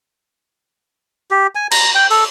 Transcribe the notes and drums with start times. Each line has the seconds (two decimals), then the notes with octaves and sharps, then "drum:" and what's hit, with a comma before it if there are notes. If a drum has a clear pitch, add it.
1.31 G4
1.55 G#5
1.71 A#5, drum: cymbal
1.95 G5
2.10 A4, drum: open hi-hat